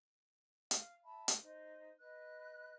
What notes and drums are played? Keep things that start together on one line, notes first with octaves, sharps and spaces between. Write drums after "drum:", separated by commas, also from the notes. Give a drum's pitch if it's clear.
F5, drum: hi-hat
E5 A5 B5
drum: hi-hat
D#4 C5
B4 D#5 F#6